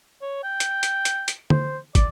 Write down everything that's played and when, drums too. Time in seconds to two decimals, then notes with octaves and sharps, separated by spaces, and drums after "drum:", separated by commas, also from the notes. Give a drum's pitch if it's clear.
0.21 C#5
0.43 G5
0.60 drum: hi-hat
0.83 drum: hi-hat
1.05 drum: hi-hat
1.28 drum: hi-hat
1.50 C5, drum: tom D3
1.95 D5, drum: kick, hi-hat